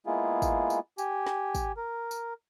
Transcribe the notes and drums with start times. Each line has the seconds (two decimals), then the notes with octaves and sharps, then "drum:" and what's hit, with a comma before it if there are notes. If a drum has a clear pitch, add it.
0.07 G#3 A#3 B3 E4 F4 G#4
0.42 drum: kick, tambourine
0.70 drum: tambourine
0.98 G4 G#5, drum: tambourine
1.26 drum: snare
1.55 drum: kick, tambourine
1.77 A#4
2.11 drum: tambourine